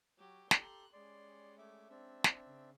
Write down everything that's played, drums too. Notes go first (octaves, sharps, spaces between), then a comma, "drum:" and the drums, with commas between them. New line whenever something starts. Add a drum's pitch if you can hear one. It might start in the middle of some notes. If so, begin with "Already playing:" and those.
F#3 G4
G4 A4 A#5 C6 F#6, drum: snare
G3 G#3 C#4 D5 C6
A3 E5 D6
C4 D4 E5
drum: snare
C#3